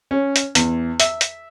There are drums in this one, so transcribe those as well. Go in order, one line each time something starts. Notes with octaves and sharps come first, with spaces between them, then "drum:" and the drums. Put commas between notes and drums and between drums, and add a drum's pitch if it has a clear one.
C#4
drum: hi-hat
E2, drum: hi-hat
E5, drum: hi-hat
drum: hi-hat